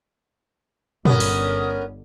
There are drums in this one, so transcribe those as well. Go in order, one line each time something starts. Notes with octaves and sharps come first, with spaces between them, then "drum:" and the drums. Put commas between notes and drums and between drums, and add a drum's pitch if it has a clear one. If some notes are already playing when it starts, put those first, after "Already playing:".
G1 D3 B3 C#4 A#4 D#6, drum: tom A#2
drum: open hi-hat